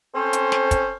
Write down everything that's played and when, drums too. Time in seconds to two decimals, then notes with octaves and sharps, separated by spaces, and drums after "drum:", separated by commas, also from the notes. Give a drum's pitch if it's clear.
0.14 C4 C#4 A4 C5
0.33 drum: hi-hat
0.52 drum: snare
0.71 drum: kick, hi-hat